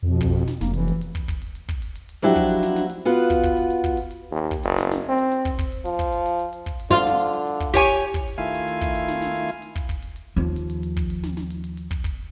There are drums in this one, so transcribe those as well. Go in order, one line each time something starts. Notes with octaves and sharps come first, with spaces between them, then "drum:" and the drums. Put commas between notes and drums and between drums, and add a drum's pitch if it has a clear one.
F2 B2
drum: kick, hi-hat
drum: snare
F1 A#3, drum: snare
E3, drum: hi-hat
drum: hi-hat
drum: hi-hat
drum: kick, hi-hat
drum: kick, hi-hat
drum: hi-hat
drum: hi-hat
drum: kick, hi-hat
drum: hi-hat
drum: hi-hat
drum: hi-hat
F3 F#3 D4 E4 F#4 G4, drum: hi-hat
drum: kick, hi-hat
drum: hi-hat
drum: snare
drum: snare
drum: hi-hat
B3 F4 F#4 B4, drum: hi-hat
drum: kick
drum: kick, hi-hat
drum: hi-hat
drum: hi-hat
drum: kick, hi-hat
drum: hi-hat
drum: hi-hat
D#2
drum: kick, hi-hat
F#1, drum: hi-hat
drum: snare
drum: snare
C4
drum: hi-hat
drum: hi-hat
drum: kick, hi-hat
drum: kick, hi-hat
drum: hi-hat
F3, drum: hi-hat
drum: kick, hi-hat
drum: hi-hat
drum: hi-hat
drum: hi-hat
drum: hi-hat
drum: kick, hi-hat
drum: hi-hat
D3 F4, drum: snare
drum: snare
drum: hi-hat
drum: hi-hat
drum: hi-hat
drum: kick, hi-hat
G4 C#5 G#5, drum: kick, hi-hat
drum: hi-hat
drum: hi-hat
drum: kick, hi-hat
drum: hi-hat
D#3 A3 E4 F4 F5 G#5
drum: hi-hat
drum: hi-hat
drum: kick, hi-hat
drum: hi-hat
drum: snare
drum: snare
drum: hi-hat
drum: hi-hat
drum: hi-hat
drum: kick, hi-hat
drum: kick, hi-hat
drum: hi-hat
drum: hi-hat
D#2 F3
drum: hi-hat
drum: hi-hat
drum: hi-hat
drum: kick, hi-hat
drum: hi-hat
drum: snare
drum: snare
drum: hi-hat
drum: hi-hat
drum: hi-hat
drum: kick, hi-hat
drum: kick, hi-hat